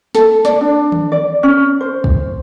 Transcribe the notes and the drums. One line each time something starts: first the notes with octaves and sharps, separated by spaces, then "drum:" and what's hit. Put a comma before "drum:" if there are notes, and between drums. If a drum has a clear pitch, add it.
A4, drum: snare
D5, drum: snare
D4
drum: tom D#3
D5
C#4
C5
drum: kick